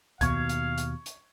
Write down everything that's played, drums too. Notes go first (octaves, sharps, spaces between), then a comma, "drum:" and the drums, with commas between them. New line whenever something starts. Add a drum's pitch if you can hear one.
D#2 B2 F5 C#6 G#6, drum: kick C2, hi-hat
drum: hi-hat
drum: hi-hat
drum: hi-hat